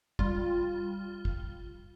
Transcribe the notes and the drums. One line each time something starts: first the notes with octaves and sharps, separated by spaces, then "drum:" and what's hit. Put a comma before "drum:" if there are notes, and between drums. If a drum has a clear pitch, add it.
G3 F4, drum: kick
drum: kick